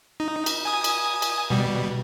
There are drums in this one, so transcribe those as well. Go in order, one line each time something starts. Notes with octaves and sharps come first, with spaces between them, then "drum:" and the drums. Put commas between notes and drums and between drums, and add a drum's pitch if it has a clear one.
D#4
drum: cymbal
G#5 D#6
drum: cymbal
drum: cymbal
B2 G3